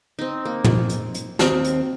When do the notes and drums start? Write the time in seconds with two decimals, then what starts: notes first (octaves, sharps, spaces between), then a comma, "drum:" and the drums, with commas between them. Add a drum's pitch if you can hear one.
0.19 C4 D#4
0.45 A#3
0.64 drum: tom
0.89 drum: hi-hat
1.14 drum: hi-hat
1.39 D#2 D#3 C4, drum: snare
1.64 drum: hi-hat